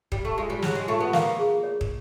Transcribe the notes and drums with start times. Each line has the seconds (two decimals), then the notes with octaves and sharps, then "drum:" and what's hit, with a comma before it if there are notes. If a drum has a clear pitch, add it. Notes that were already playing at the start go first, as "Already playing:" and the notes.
0.12 G3 C#5, drum: kick
0.25 A3
0.37 G#3 F4
0.50 G3
0.62 F#3 G#4, drum: snare
0.75 G#3
0.87 A3 F4
1.00 B3
1.13 A#3 F5, drum: snare
1.39 G#4
1.63 C#5
1.81 drum: kick